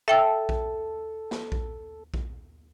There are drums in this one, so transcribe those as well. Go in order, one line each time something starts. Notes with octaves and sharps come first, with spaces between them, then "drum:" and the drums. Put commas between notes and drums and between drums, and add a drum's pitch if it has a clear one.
A4 E5 G5 E6
drum: kick A#1
drum: snare
drum: kick A#1
drum: kick A#1